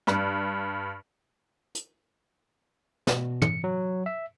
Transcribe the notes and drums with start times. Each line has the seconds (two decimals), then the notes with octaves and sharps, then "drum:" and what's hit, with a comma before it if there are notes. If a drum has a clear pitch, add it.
0.07 G2, drum: rim click
1.75 drum: hi-hat
3.07 B2, drum: snare
3.42 C#7, drum: tom
3.64 F#3
4.06 E5